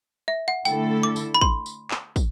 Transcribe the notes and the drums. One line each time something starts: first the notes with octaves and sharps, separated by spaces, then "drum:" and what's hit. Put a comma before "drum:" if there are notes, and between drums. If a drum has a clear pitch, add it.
E5
F#5
D3 A3 E4 A4 G5, drum: tambourine
D6
drum: tambourine
B5
C6, drum: kick
drum: tambourine
drum: clap
drum: kick, tambourine